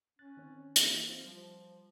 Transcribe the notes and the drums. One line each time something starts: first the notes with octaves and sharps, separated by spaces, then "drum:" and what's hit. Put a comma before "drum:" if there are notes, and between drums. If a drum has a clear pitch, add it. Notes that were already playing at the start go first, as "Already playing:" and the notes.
C#4 F#6 A6
D#3 C4 C#5
E3 A#3 E4, drum: hi-hat
C4 F4 C5
F3 G3